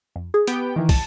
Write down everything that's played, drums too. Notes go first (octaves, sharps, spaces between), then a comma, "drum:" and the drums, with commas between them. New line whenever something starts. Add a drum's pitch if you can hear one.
F2
G#4
B3 G4 G5 D7, drum: hi-hat
D#3 E3
A5, drum: kick, open hi-hat